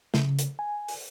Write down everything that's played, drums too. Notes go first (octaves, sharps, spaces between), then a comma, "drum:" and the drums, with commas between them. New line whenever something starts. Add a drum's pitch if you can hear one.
C#3, drum: snare
drum: hi-hat
G#5
drum: open hi-hat